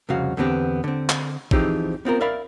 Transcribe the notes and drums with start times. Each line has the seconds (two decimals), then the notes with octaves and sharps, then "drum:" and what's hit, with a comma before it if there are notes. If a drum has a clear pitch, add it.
0.09 C2 F2 C#3 F#4 F5
0.37 E2 D3 B3 C4 G4
0.84 D3 C4
1.09 drum: clap
1.51 E3 F3 C4 D#4 G4 G#4, drum: kick
2.05 B3 C4 F4 A#4
2.21 A#4 D5 E5 F5 B5